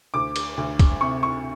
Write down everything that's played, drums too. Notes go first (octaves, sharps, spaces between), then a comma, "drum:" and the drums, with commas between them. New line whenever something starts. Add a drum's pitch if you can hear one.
D2 D6
drum: cymbal
D2
drum: kick, cymbal
C3 C#6
C#6